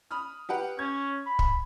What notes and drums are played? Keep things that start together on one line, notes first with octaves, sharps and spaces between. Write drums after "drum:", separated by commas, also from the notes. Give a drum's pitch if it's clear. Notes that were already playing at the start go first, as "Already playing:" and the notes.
B5 D#6 F6
G4 B4 F#5
C#4 G#6
B5
drum: kick